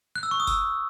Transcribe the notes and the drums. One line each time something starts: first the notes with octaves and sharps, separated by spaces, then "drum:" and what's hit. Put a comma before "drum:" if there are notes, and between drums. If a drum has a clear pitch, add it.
F#6
E6
C#6
D#6
E6, drum: kick F1, hi-hat